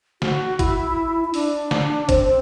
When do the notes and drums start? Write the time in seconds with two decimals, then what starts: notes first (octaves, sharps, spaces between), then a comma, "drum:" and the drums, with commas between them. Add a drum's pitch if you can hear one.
0.22 F#4, drum: snare
0.59 E4, drum: kick, hi-hat
1.24 E4
1.34 D4, drum: open hi-hat
1.71 drum: snare
2.09 C4, drum: kick, hi-hat